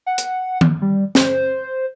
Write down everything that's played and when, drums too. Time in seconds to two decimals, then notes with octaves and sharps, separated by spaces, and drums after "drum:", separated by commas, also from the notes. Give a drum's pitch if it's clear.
0.06 F#5
0.18 drum: hi-hat
0.61 drum: tom D#3
0.82 G3
1.15 C5, drum: snare